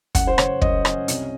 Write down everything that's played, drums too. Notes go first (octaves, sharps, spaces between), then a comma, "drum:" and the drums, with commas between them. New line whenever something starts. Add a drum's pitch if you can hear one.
F#2 F#5, drum: kick, hi-hat
C5
C#3 C#5, drum: rim click
F#2 D#5, drum: kick
C#4, drum: rim click
C2, drum: hi-hat